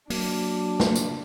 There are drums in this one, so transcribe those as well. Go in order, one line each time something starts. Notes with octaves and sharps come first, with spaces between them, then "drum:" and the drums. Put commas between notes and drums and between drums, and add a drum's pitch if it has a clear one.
F#3 A#3 D4, drum: open hi-hat
drum: snare
drum: tambourine